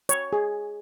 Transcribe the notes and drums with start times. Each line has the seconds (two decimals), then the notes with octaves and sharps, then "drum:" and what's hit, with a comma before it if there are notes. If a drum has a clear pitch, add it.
0.09 C#5, drum: hi-hat
0.33 G#4